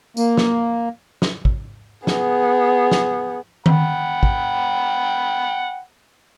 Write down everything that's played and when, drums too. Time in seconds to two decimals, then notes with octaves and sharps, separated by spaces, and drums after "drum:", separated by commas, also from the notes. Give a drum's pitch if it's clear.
0.17 A#3, drum: tambourine
0.37 drum: snare
1.22 drum: snare
1.45 drum: kick
2.07 B3 G#4, drum: snare
2.91 drum: snare
3.66 F#5 G5 B5, drum: tom D#3
4.23 drum: kick